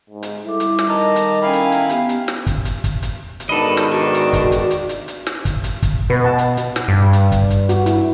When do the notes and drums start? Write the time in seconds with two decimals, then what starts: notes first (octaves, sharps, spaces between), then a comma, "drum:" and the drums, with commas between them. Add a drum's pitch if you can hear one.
0.10 G#2
0.23 drum: hi-hat
0.46 G3 E4 A4 D6
0.60 drum: hi-hat
0.79 drum: snare
0.89 D#3 D#5 A5 A#5
1.16 drum: hi-hat
1.42 C#4 E4 A#4 F5 G5 G#5 B5
1.53 drum: hi-hat
1.72 drum: hi-hat
1.90 B3 G4, drum: hi-hat
2.09 drum: hi-hat
2.28 drum: snare
2.47 drum: kick, hi-hat
2.65 drum: hi-hat
2.84 drum: kick, hi-hat
3.03 drum: hi-hat
3.40 drum: hi-hat
3.49 G#2 B2 D#3 D4 A4 D#5 B5
3.77 drum: snare
3.91 D4 F#4
4.15 drum: hi-hat
4.33 drum: kick, hi-hat
4.52 drum: hi-hat
4.71 drum: hi-hat
4.89 drum: hi-hat
5.08 drum: hi-hat
5.27 drum: snare
5.45 drum: kick, hi-hat
5.64 drum: hi-hat
5.83 drum: kick, hi-hat
6.10 B2 B4
6.25 F#5 A5
6.38 drum: hi-hat
6.57 drum: hi-hat
6.76 drum: snare
6.88 G2
7.13 drum: hi-hat
7.32 drum: kick, hi-hat
7.50 drum: hi-hat
7.69 F#4, drum: hi-hat
7.86 E4, drum: hi-hat